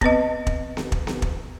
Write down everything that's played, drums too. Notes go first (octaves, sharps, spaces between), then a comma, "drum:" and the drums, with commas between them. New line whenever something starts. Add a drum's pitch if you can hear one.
B3 C4 B4 D#5, drum: kick
drum: kick
drum: snare B3
drum: kick
drum: snare B3
drum: kick